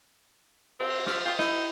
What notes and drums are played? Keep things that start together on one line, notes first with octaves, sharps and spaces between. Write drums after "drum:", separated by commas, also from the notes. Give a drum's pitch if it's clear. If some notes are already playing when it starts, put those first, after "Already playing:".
C4, drum: cymbal
F3 D5 E5, drum: snare
F4 G5 D#6
D#4 E4 D#6, drum: snare